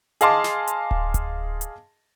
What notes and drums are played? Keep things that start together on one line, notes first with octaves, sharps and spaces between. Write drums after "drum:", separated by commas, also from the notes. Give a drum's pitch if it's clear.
G#4 D#5 F5 A5 C6 D6, drum: hi-hat
drum: snare
drum: hi-hat
drum: kick D1
drum: kick D1, hi-hat
drum: hi-hat